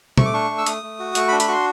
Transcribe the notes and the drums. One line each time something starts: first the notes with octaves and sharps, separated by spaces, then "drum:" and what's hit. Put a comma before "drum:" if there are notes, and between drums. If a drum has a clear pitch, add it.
A3 C#6, drum: tom A#2
D6
D4 C#6
A3
E6
A3 D#6, drum: hi-hat
A3
F#4
A3 C#6, drum: hi-hat
B5
D4
B5, drum: hi-hat
F#4 C6 C#6